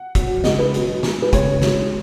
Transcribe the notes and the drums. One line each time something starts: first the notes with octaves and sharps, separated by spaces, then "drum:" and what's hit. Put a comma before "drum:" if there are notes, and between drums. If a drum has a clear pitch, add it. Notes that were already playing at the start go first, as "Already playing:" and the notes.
Already playing: F#5
B2 F#3, drum: kick, hi-hat
C#3 G#3 D#5, drum: snare
B4
B2 F#3, drum: hi-hat
B2 G#3, drum: snare
B4
C#3 G#3 C#5, drum: kick, hi-hat
B2 G#3, drum: snare